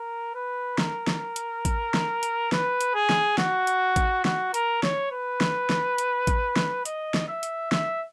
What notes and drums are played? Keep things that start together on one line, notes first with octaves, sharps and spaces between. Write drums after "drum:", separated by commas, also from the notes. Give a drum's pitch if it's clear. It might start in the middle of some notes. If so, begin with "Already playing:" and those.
Already playing: A#4
B4
A#4, drum: snare
drum: snare
drum: hi-hat
drum: kick A1, hi-hat
drum: snare
drum: hi-hat
B4, drum: snare
drum: hi-hat
G#4
drum: snare
F#4, drum: snare
drum: hi-hat
drum: kick A1, hi-hat
F#4, drum: snare
A#4, drum: hi-hat
C#5, drum: snare
B4
drum: snare
drum: snare
drum: hi-hat
drum: kick A1, hi-hat
drum: snare
D#5, drum: hi-hat
drum: snare
E5
drum: hi-hat
E5, drum: snare